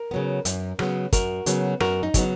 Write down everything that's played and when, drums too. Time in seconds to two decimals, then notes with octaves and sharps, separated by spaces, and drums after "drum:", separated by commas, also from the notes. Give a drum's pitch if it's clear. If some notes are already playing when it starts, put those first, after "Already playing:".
Already playing: A#4
0.11 C#3 F#3 B3
0.45 F#2, drum: hi-hat
0.79 C#3 F#3 B3, drum: rim click
1.13 F#2 F#4 A#4, drum: kick, hi-hat
1.46 C#3 F#3 B3, drum: hi-hat
1.80 F#2 F#4 A#4, drum: rim click
2.03 D#4
2.14 C#3 F#3 B3, drum: kick, hi-hat